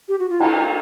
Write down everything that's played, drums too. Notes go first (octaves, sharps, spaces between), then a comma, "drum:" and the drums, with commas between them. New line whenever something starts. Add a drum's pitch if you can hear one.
G4
F#4
F4
E4, drum: cymbal